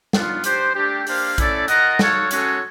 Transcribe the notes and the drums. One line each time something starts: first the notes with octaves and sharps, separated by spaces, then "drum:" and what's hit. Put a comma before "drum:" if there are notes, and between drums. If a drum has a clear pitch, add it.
B3 D4 F4, drum: snare
D4 G4 C5, drum: hi-hat
A3 D4 G4
A#3 D4 G4 C5 F5, drum: open hi-hat
A3 C#4 E4 A4 D5, drum: kick A#1, hi-hat
F4 A#4 D#5 F#5, drum: hi-hat
F#4 A4 C#5 F5, drum: snare
G#3 C#4 F#4 A4 C#5, drum: hi-hat